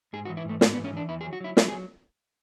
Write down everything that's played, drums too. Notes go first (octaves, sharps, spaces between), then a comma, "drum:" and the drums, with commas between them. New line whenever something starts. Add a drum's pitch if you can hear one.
G#2 G#4
F#4
E3
E4
G#2 A3
G#2 A3, drum: snare
B3
E3
C#4
E3 D4
E2 E4
G#4
F#3
F#4
F#3 E4
F#3 E4, drum: snare
G#4
F#3